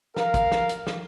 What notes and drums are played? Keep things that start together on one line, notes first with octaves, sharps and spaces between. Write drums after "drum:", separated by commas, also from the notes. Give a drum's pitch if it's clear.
A#4 F5, drum: snare
drum: kick, hi-hat
drum: snare
drum: hi-hat
drum: snare